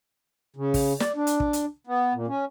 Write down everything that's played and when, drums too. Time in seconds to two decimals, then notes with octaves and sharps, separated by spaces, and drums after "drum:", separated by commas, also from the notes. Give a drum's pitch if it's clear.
0.56 C#3
0.74 drum: kick, open hi-hat
1.00 D5, drum: snare
1.16 D4
1.27 drum: hi-hat
1.40 drum: kick
1.53 drum: hi-hat
1.87 B3
2.14 A#2
2.28 C#4